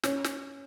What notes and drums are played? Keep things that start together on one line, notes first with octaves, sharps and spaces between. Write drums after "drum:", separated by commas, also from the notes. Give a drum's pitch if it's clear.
C#4, drum: snare
drum: snare